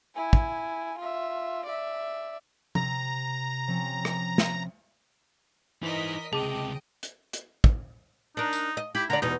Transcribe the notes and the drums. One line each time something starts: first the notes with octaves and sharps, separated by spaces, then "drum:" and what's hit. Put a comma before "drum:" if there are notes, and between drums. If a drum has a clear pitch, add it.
E4 G#5
drum: kick
F4 E5
D5 E5
C3 A#5 A#6, drum: tom
F3 C4 C#4
drum: rim click
drum: snare
E3 D#4 A#4 C5 D#5 B6
C#2 C3 G#4 D#5 G5 A5 D6 D#7
drum: hi-hat
drum: hi-hat
drum: kick
D4 D#4 A#4
drum: tambourine
D#5
E4 G4
D3 D5 A#5
E2 B2 D#4